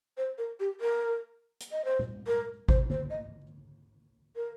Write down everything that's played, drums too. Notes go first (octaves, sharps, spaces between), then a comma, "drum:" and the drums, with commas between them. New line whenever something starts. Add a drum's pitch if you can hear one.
C5
A#4
G4
A#4
drum: hi-hat
D#5
C5
drum: tom A#2
A#4
C5, drum: kick G#1
C5, drum: tom D3
D#5
A#4